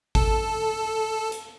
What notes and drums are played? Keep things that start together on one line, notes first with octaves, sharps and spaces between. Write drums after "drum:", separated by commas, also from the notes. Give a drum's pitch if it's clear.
A4, drum: kick G#1
drum: hi-hat